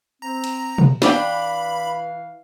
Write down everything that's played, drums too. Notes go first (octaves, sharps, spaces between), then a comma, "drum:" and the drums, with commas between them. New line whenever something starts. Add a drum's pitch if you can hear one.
C4 A#5
drum: cymbal
drum: tom B2
E3 D4 D5 F5 G5 B5, drum: snare